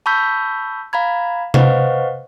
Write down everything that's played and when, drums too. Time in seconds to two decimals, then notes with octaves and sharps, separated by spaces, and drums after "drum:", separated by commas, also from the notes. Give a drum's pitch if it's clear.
0.06 A5 B5 C#6 E6 G6 B6
0.93 F5 A#5 B5 G#6
1.54 B4 C5 D#5 F5 F#5 C#6, drum: tom C3